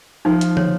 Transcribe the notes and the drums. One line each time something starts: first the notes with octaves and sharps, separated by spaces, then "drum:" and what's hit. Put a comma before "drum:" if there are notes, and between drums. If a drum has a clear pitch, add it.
F3 D#4
drum: hi-hat
C#5, drum: tom